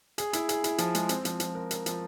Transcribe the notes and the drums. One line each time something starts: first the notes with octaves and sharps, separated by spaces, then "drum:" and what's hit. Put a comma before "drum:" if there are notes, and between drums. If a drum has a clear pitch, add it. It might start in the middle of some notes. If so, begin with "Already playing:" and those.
G#4, drum: hi-hat
E4, drum: hi-hat
G#4, drum: hi-hat
E4, drum: hi-hat
F3, drum: hi-hat
G#3, drum: hi-hat
C4, drum: hi-hat
F3, drum: hi-hat
F3, drum: hi-hat
A#4
A#4, drum: hi-hat
F3, drum: hi-hat